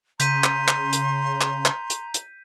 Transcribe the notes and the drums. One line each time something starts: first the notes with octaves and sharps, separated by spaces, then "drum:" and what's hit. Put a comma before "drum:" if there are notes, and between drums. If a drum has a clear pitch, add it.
C#3 A#5 C6 G6 B6 D#7, drum: hi-hat
drum: clap
drum: clap
drum: hi-hat
drum: clap
drum: clap
drum: hi-hat
drum: hi-hat